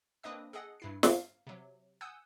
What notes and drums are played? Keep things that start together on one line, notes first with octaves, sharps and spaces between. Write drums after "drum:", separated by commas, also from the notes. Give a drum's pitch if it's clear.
A#3 C4 D4 B4 D#5 D#6
G#4 A4 D#5 F#5
G2 E4 C7
F5, drum: snare
C3 F#3
F#5 G#5 D#6 E6 G6